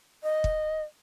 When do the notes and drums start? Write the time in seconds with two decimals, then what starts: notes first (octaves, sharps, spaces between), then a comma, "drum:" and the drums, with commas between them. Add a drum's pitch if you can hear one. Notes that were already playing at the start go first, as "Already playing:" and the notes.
0.23 D#5
0.44 drum: kick